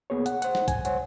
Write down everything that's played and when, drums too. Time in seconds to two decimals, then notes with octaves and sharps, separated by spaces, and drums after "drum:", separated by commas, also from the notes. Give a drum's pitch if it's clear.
0.10 C2 A#3 B3 G#4 C#5
0.26 F#5, drum: hi-hat
0.42 C5 F#5, drum: hi-hat
0.55 drum: snare
0.68 G2 G#5, drum: kick, hi-hat
0.85 C5 C#5 F#5, drum: hi-hat